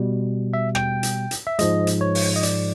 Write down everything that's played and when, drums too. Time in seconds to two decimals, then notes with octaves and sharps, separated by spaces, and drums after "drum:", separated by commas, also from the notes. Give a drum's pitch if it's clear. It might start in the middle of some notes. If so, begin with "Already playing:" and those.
Already playing: B2 G3
0.53 E5
0.75 G5, drum: rim click
1.03 drum: hi-hat
1.31 drum: hi-hat
1.47 E5
1.59 G#2 F3 G#3 D#5, drum: hi-hat
1.87 drum: hi-hat
2.01 C#5
2.15 drum: open hi-hat
2.36 D#5
2.43 D5, drum: hi-hat